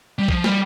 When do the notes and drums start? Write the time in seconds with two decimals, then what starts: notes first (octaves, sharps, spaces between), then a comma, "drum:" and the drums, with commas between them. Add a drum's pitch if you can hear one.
0.19 G3
0.28 F3, drum: kick
0.44 G3, drum: snare